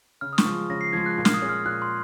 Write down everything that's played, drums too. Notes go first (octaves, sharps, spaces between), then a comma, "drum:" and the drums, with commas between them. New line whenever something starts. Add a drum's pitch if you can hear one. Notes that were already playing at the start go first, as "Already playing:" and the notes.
C#3 F6
D#6
C#6, drum: snare
F3 G#3
C#3 A#6
C7
F3 G#3 G#6
F#6
A#2
F6, drum: snare
D#6
G#3 C#4 G#4
F6
A#2 F#6
C6